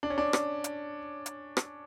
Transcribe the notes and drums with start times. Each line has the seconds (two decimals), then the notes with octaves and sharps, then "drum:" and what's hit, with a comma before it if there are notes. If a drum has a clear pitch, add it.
0.03 D4
0.10 C#4
0.18 D4
0.33 drum: rim click
0.64 drum: hi-hat
1.26 drum: hi-hat
1.57 drum: rim click